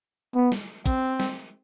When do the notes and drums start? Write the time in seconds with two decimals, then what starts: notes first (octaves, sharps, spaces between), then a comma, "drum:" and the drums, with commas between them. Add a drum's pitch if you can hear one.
0.35 B3
0.52 drum: snare
0.86 C4, drum: kick, hi-hat
1.20 drum: snare